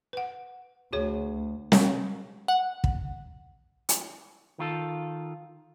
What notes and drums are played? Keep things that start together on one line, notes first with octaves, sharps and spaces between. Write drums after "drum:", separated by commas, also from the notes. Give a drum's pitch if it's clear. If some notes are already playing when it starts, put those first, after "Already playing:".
B4 F#5
D2 F#4 G#4 C#5
drum: snare
F#5
drum: kick
drum: hi-hat
D#3 F4 A4